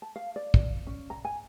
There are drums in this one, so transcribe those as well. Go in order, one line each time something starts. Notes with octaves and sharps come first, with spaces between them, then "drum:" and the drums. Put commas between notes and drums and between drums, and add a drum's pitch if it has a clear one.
A5
F5
D5
drum: kick
C#4
A#5
G#5